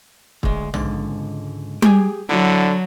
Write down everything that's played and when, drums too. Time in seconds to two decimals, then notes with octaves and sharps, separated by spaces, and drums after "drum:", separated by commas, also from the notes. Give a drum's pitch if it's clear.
0.43 D2 G#3, drum: kick
0.74 C#2 G#2 D3, drum: tom A#1
1.82 G4 G#4 G#5, drum: tom G3
2.29 D3 F#3 E4